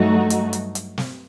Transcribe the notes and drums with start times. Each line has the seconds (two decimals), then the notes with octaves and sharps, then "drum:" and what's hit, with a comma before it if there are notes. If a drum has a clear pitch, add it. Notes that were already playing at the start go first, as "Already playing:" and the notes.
Already playing: G2 F#3 A3 D#4 F#4
0.30 drum: hi-hat
0.53 drum: hi-hat
0.75 drum: hi-hat
0.98 drum: snare